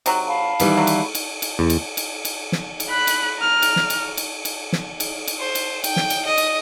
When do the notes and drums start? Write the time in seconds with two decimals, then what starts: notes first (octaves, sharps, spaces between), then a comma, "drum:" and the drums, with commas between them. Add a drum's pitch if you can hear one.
0.06 C3 F#3, drum: cymbal
0.27 F5 A5 B5
0.60 D#3 E3 G3, drum: cymbal
0.77 F#3
0.87 drum: cymbal
1.15 drum: cymbal
1.42 drum: cymbal
1.59 E2
1.70 drum: cymbal
1.97 drum: cymbal
2.25 drum: cymbal
2.52 drum: snare
2.80 drum: cymbal
2.89 B5 F#6
3.07 drum: cymbal
3.39 A#5 F6
3.62 drum: cymbal
3.76 drum: snare
3.90 drum: cymbal
4.17 drum: cymbal
4.45 drum: cymbal
4.72 drum: snare
5.00 drum: cymbal
5.28 drum: cymbal
5.39 C5
5.55 drum: cymbal
5.84 G5, drum: cymbal
5.96 drum: snare
6.10 drum: cymbal
6.25 D#5
6.38 drum: cymbal